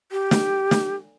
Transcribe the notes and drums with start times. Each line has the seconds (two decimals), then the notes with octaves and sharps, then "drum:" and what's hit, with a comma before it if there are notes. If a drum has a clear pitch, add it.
0.12 G4
0.31 drum: snare
0.71 drum: snare